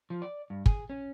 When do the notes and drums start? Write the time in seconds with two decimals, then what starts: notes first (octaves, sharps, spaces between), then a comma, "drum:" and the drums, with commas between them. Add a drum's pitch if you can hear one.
0.10 F3
0.22 D5
0.50 G2
0.66 G#4, drum: kick
0.90 C#4